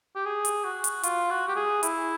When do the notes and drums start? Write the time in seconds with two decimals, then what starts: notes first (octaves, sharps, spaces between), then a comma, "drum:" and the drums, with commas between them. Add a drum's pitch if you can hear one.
0.15 G4
0.26 G#4
0.45 drum: hi-hat
0.64 F#4
0.84 drum: hi-hat
1.03 F4, drum: hi-hat
1.30 F#4
1.48 G4
1.55 G#4
1.83 E4, drum: hi-hat